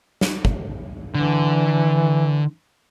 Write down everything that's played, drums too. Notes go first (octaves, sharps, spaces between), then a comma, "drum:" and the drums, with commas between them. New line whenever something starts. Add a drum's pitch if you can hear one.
drum: snare
drum: kick
D3 E3